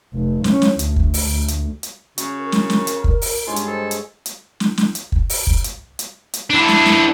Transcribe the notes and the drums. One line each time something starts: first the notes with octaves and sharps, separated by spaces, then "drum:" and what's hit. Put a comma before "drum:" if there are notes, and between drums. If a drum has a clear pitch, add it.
F1
C#4, drum: snare
drum: snare
D2, drum: hi-hat
drum: kick
drum: open hi-hat
D2
drum: hi-hat
drum: hi-hat
C#3 F#4, drum: hi-hat
A#4
drum: snare
drum: snare
drum: hi-hat
drum: kick
drum: open hi-hat
G2 G#3 D4 F4 C#5
drum: hi-hat
A4 C5
drum: hi-hat
drum: hi-hat
drum: snare
drum: snare
drum: hi-hat
drum: kick
drum: open hi-hat
drum: kick
drum: hi-hat
drum: hi-hat
drum: hi-hat
E3 D4
drum: snare
drum: snare